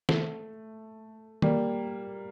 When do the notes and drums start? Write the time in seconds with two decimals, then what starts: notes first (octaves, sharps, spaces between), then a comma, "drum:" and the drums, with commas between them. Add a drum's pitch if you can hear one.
0.09 A3, drum: snare
1.42 G3 A#3, drum: tom